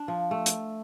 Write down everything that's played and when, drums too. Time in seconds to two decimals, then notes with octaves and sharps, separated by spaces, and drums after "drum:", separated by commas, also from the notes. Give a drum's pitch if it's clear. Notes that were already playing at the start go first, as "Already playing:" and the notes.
Already playing: D4
0.08 F3
0.31 A3
0.46 drum: hi-hat